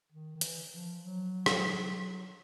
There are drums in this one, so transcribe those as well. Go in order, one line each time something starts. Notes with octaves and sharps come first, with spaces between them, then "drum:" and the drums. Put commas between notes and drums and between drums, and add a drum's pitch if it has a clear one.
D#3
D#3
E3, drum: hi-hat
F3
F#3
drum: rim click